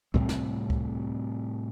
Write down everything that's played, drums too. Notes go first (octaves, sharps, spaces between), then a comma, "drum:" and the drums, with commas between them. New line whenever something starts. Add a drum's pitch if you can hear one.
A2 C3 G3 C4, drum: kick C#2
drum: snare
drum: kick C#2